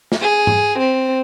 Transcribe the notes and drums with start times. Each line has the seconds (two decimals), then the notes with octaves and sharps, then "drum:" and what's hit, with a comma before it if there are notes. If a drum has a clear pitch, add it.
0.12 drum: snare
0.21 G#4
0.47 drum: tom
0.79 C4